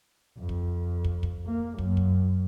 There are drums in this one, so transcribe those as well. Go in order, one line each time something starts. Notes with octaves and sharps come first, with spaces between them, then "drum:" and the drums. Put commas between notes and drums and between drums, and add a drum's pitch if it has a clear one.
F2
drum: kick
drum: kick
drum: kick
A#3
F#2, drum: kick
drum: kick